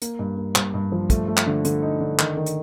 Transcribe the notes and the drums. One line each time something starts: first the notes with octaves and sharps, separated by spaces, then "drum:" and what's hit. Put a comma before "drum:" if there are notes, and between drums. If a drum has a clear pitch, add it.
A#3, drum: hi-hat
G2
A#3
G2, drum: clap
G2
F3
A3, drum: kick, hi-hat
A3
drum: clap
D3
D3, drum: hi-hat
D#4
D3
D#3, drum: clap
D#3
drum: hi-hat